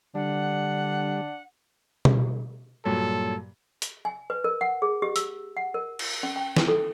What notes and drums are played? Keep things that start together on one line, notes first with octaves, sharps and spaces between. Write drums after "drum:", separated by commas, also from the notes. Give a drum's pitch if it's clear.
D3 G3 D4 F#5
drum: tom B2
G2 A#2 F#3 A4
drum: hi-hat
G#5
B4
A#4
F#5
G#4
G4
E6, drum: hi-hat
F#5
A#4
drum: cymbal
C#4
G5
drum: snare
A4